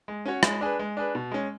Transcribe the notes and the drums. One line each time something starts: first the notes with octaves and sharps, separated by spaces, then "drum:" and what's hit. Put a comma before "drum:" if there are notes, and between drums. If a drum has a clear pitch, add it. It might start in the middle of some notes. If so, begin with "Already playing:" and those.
G#3
C#4 F#4 C#5
G#3, drum: rim click
D4 G#4 B4
G#3
D4 G#4 B4
B2
G#3 C#4